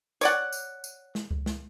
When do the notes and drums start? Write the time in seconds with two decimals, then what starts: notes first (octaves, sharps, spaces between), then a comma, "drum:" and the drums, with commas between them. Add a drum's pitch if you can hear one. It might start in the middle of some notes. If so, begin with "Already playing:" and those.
0.21 C#5 D5 F#5, drum: tambourine
0.53 drum: tambourine
0.84 drum: tambourine
1.15 drum: snare
1.31 drum: kick C#2
1.46 drum: snare